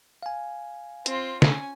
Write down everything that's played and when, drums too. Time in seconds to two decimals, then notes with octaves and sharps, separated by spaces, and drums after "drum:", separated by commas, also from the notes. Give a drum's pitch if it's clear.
0.23 F5 G#5
1.06 C4 F4, drum: hi-hat
1.42 C#4 G#5, drum: snare